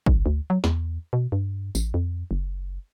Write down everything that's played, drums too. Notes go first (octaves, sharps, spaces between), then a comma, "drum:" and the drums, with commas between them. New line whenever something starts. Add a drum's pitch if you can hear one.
B1, drum: kick
D2
F#3
E2, drum: snare
B2
G2
A1, drum: tambourine
F2
F#1